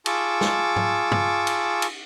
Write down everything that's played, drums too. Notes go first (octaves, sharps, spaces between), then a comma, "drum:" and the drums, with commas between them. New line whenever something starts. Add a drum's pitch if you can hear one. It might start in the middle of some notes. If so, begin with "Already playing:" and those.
F4 G#4 A5 C#6 D6 E6, drum: cymbal
drum: snare
drum: tom
drum: tom
drum: cymbal
drum: cymbal